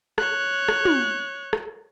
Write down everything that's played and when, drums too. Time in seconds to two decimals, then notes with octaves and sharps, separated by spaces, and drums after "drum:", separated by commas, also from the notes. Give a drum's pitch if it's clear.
0.18 C#5 F#6, drum: rim click
0.69 drum: rim click
0.85 drum: tom
1.53 drum: rim click